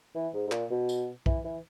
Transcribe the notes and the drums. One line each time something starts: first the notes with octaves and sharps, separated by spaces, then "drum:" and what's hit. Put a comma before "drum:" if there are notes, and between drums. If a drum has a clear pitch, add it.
E3
G#2
G#2
A#2, drum: clap
B2
drum: tambourine
E3, drum: kick B1
E3